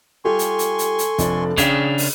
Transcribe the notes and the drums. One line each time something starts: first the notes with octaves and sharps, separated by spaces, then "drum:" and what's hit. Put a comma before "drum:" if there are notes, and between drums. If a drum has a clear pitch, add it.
G3 F4 G4 A4 G#5 C6 C#6
drum: hi-hat
drum: hi-hat
drum: hi-hat
drum: hi-hat
F1 F3 D4, drum: kick, hi-hat
C#3 C#4 D4 G#4 F5 G5, drum: kick, hi-hat
drum: open hi-hat